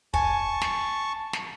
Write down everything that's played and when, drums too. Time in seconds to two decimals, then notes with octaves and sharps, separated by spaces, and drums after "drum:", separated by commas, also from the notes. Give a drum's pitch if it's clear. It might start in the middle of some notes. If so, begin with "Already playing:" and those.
0.14 G#5 A5 C#6, drum: kick
0.61 drum: snare
1.33 drum: snare